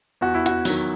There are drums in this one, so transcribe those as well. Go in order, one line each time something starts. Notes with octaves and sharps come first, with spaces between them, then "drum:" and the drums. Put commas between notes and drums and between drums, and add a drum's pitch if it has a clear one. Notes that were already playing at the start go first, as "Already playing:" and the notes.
E2 F#4
E4
F#4, drum: hi-hat
D#3 F#3, drum: open hi-hat